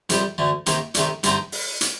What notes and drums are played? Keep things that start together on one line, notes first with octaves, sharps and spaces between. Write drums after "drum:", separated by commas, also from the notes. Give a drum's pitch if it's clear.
F2 C3 G3, drum: hi-hat
D2 D3 A3
C3 D#3 A#3, drum: hi-hat
C3 D#3 A3 D4, drum: hi-hat
G2 D3 A3 C4 D#4, drum: hi-hat
drum: open hi-hat
drum: hi-hat